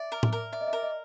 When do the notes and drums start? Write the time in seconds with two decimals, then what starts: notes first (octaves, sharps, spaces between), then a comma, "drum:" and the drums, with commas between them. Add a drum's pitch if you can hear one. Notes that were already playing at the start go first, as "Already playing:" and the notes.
Already playing: D5 E5
0.12 A#4
0.23 drum: tom A2
0.33 A#4
0.53 D5 E5
0.61 D#5
0.68 E5
0.73 A#4
0.83 D#5